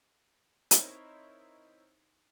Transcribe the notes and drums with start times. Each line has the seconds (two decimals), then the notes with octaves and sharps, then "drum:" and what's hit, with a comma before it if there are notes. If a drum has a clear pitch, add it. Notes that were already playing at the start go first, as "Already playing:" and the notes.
0.71 C4 D#4 E4 A#4 C5 C#5, drum: hi-hat